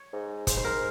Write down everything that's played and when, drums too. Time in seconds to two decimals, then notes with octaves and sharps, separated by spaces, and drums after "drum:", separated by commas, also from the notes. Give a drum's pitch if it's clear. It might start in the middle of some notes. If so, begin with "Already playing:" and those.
Already playing: C#5
0.13 G#2
0.47 G#2 C5, drum: kick, hi-hat
0.57 C5
0.64 A#4